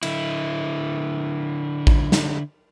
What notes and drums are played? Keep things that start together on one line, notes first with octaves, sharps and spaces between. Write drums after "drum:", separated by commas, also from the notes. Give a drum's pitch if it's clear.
D3 E4, drum: cymbal
drum: kick A1
drum: snare